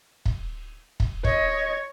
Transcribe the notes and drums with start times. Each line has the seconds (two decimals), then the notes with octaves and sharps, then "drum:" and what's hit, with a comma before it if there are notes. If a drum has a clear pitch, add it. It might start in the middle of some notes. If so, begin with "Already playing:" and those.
0.25 drum: kick
1.00 drum: kick
1.24 C#5 D#5, drum: kick